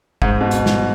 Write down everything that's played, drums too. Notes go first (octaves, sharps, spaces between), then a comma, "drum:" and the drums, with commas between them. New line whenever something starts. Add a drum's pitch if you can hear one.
G#2, drum: kick
B2
drum: hi-hat
drum: snare